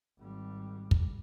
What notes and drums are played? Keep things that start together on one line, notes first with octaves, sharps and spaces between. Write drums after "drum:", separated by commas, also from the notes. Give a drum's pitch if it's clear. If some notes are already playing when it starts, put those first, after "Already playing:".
G#1 G3
drum: kick